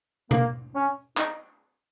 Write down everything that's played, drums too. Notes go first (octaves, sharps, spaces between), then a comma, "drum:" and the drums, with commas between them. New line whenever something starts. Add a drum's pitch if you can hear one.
A#3, drum: tom B2
C#4
D#4, drum: clap